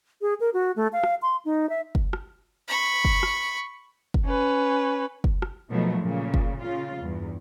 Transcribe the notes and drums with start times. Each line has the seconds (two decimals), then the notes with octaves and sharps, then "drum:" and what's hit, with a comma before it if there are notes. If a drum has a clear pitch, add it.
0.21 G#4
0.40 A#4
0.54 F#4
0.76 A3
0.93 F5
1.03 drum: rim click
1.22 C6
1.45 D#4
1.69 E5
1.95 drum: kick
2.13 drum: rim click
2.68 B5 C#6
3.05 drum: kick
3.23 drum: rim click
4.14 drum: kick
4.25 C#4 B4
5.24 drum: kick
5.42 drum: rim click
5.70 B2 D#3 F3 F#3 A3
6.01 A#2 C#3
6.34 drum: kick
6.61 C#3 F4
7.02 E2 G2